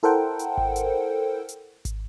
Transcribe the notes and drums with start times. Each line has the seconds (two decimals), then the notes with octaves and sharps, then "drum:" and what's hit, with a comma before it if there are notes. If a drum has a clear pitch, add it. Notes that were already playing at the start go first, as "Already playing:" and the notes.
0.03 E4 A4 A#4 C5 F#5 G5
0.39 drum: hi-hat
0.57 drum: kick G#1
0.76 drum: hi-hat
1.49 drum: hi-hat
1.85 drum: kick G#1, hi-hat